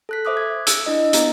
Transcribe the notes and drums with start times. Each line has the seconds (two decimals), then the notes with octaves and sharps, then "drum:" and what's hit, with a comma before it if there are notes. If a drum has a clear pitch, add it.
0.09 A4 F#6 B6
0.25 C5 E5 D6 D#6 F#6
0.37 G#6
0.67 E6, drum: hi-hat
0.86 D4 E4 D#5
1.13 B3 A#5, drum: hi-hat